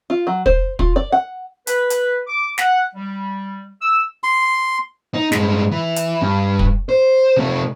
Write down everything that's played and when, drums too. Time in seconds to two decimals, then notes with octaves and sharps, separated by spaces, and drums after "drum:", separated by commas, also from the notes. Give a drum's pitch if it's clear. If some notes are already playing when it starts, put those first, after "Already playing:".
0.10 F4
0.27 F#3
0.46 C5, drum: kick
0.79 F4, drum: kick
0.96 D5
1.12 F#5
1.67 B4, drum: hi-hat
1.90 drum: hi-hat
2.27 D6
2.58 F#5, drum: snare
2.95 G3
3.81 E6
4.24 C6
5.14 D#4
5.32 G2 G#3, drum: snare
5.71 E3
5.96 drum: hi-hat
6.21 G2
6.59 drum: kick
6.89 C5
7.36 C3 A3